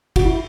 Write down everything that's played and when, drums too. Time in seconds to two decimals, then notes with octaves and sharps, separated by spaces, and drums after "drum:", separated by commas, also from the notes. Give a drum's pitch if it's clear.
0.16 F#4, drum: kick, cymbal
0.25 E4